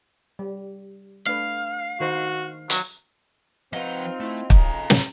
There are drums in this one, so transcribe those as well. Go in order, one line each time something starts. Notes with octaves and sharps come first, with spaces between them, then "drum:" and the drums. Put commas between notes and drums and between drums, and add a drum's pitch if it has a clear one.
G3
A3 D4 B4 F5
D#3 D#4 F#4 C5
F#3, drum: hi-hat
F3 C4 D#4 F4 B4 F#5
A3 E4
C#3 A4 D#5 A#5, drum: kick
drum: snare